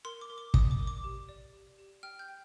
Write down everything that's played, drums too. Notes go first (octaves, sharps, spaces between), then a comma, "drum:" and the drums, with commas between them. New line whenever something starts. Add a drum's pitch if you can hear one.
A#4 C6
D6
A#4
D6
D5 D#6, drum: kick
D6
A#4
D6
G4
D5
G4
G4
G5 F6
G6
G5